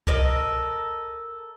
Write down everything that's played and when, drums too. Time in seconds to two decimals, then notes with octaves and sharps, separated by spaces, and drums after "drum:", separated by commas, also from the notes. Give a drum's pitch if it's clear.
0.07 A4 A#4 D#5, drum: kick C2